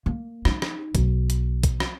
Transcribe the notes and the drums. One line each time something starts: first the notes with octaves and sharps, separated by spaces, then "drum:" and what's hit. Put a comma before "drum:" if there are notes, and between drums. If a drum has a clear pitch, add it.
A#3
D#4, drum: rim click
drum: rim click
B1, drum: kick, hi-hat
drum: hi-hat
drum: kick, hi-hat
drum: rim click